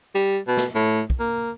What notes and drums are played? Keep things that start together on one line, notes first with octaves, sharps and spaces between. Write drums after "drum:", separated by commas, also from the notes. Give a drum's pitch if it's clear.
G3
B2
drum: snare
A2
drum: kick
A#3